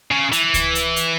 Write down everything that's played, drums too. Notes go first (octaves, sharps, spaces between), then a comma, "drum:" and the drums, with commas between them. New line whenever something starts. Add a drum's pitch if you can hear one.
C#3
E3, drum: hi-hat
drum: kick C#2, hi-hat
drum: hi-hat
drum: hi-hat